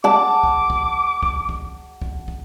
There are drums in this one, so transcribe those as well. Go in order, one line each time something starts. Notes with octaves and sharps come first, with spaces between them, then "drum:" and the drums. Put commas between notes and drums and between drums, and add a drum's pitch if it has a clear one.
F#5 A5 D6
drum: kick
drum: kick
drum: kick
drum: kick
drum: kick
drum: kick